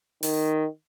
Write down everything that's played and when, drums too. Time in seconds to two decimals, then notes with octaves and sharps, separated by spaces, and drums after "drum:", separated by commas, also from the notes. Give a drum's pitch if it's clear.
0.23 D#3, drum: open hi-hat